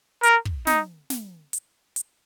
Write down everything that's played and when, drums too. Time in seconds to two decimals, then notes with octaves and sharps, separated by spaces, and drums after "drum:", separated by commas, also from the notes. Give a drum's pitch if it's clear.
0.23 A#4, drum: hi-hat
0.45 drum: kick
0.67 D#4, drum: snare
1.10 drum: snare
1.53 drum: hi-hat
1.96 drum: hi-hat